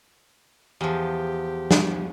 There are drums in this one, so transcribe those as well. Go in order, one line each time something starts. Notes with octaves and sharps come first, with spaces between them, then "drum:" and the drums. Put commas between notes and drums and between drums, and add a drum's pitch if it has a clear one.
E2 F3 G4
drum: snare